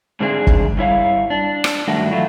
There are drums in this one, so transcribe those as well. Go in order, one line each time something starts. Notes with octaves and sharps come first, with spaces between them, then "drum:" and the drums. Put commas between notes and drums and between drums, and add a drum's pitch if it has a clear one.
G#2 D3 G#3 C4 D4 G#4
drum: kick
G2 E4 C#5 F5
D4
drum: rim click
G2 D#3 F#3 A3 D4 F#4
E3 F#3 A3 F4